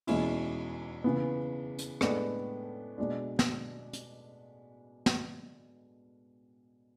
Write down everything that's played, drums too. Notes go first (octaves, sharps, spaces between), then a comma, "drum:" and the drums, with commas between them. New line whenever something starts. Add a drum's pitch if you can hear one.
E2 B2 G#3 C#4 E4, drum: cymbal
C#3 E3 B3
drum: hi-hat
A2 G#3 B3 D4, drum: rim click
B2 G#3 D4
drum: snare
drum: hi-hat
drum: snare